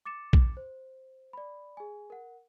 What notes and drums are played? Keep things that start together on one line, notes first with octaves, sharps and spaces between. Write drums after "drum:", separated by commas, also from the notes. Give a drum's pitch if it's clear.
D6 A6 C#7 E7
drum: kick A#1
C5
D5 B5
G#4 G#5
A#4 F#5